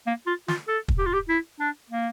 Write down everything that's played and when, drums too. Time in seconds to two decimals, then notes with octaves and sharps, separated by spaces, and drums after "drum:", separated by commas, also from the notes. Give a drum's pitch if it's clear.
0.07 A#3
0.27 F4
0.48 F4, drum: snare
0.68 A4
0.88 drum: kick
0.98 G4
1.06 F4
1.14 G4
1.29 E4
1.60 D4
1.90 A#3